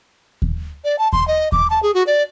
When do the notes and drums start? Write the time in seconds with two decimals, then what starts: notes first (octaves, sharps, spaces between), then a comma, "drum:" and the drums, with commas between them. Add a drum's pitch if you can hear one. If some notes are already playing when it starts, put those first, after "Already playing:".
0.42 drum: kick D#2
0.84 D5
0.99 A5
1.13 C6, drum: kick D#2
1.28 D#5
1.52 D6, drum: kick D#2
1.70 A5
1.83 G#4
1.94 F#4
2.07 D5